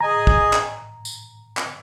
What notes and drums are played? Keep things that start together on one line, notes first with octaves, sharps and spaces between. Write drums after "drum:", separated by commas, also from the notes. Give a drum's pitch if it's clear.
G#4 D#5 G#5 A#5
drum: kick
drum: clap
drum: tambourine
drum: clap